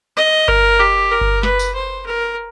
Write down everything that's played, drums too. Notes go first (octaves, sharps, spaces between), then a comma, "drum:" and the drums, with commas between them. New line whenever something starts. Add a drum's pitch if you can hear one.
D#5
A#4, drum: kick G1
G4
A#4
drum: kick G1
B4, drum: snare
drum: tambourine
C5
A#4